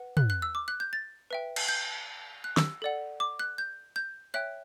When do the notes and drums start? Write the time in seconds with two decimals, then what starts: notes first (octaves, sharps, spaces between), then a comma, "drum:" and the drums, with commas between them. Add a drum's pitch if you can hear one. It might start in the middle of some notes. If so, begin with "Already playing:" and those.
Already playing: B4 F#5
0.17 F#6, drum: tom
0.30 F#6
0.42 E6
0.55 D6
0.68 F#6
0.80 G6
0.93 A6
1.31 B4 E5 G5
1.56 drum: cymbal
1.68 G6
2.44 F#6
2.57 E6, drum: snare
2.82 A4 D5 F#5
3.20 D6
3.39 F#6
3.58 G6
3.96 G6
4.34 C#5 E5 G5 F#6